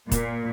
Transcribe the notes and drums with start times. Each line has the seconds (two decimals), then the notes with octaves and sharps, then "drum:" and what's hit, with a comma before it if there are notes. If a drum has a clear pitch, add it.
0.12 A#2, drum: kick, hi-hat